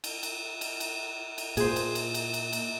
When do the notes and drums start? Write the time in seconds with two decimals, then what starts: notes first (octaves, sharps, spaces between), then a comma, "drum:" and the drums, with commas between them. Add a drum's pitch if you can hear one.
0.04 drum: cymbal
0.23 drum: cymbal
0.61 drum: cymbal
0.80 drum: cymbal
1.38 drum: cymbal
1.57 A#2 G#4 C5, drum: cymbal
1.76 drum: cymbal
1.95 drum: cymbal
2.14 drum: cymbal
2.34 drum: cymbal
2.53 drum: cymbal